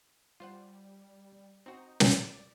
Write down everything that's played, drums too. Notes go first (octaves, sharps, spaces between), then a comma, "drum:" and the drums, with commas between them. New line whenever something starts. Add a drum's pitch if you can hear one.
G3 F4 C5 F#5
C4 D#4 F#4
D5, drum: snare